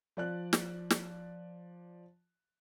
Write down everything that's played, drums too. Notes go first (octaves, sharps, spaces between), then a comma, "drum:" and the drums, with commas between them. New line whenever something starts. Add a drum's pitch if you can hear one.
F3 D5 F#6
drum: snare
drum: snare